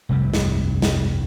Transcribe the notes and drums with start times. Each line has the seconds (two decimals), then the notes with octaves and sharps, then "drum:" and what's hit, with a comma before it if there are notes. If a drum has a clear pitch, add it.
0.09 F1 C2 G2 C3
0.34 drum: snare
0.82 drum: snare